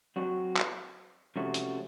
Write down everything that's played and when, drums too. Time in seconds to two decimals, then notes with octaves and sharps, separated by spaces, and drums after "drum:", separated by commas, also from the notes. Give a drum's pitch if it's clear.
0.16 F#3 C4 F#4
0.56 drum: clap
1.36 C3 F3 A3 C#4 F#4
1.54 drum: hi-hat